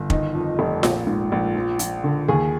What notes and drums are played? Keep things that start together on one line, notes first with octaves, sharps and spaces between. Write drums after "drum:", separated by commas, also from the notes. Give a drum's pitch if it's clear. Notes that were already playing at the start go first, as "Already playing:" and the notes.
Already playing: G1
D#3 D#4, drum: kick
F2
F1
A#1, drum: snare F4
G#2
A#1
F3
F3, drum: hi-hat
D3
D#2 G#4